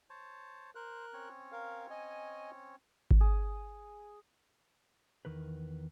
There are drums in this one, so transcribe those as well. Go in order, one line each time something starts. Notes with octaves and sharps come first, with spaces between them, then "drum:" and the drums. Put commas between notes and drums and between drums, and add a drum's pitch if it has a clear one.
C5 C#5 A5
A#4 C5 F#6
C4 C#4 C#5
A#4 F5
D#5 G#5
drum: kick G#1
G#4
E2 D#3 A#4 B4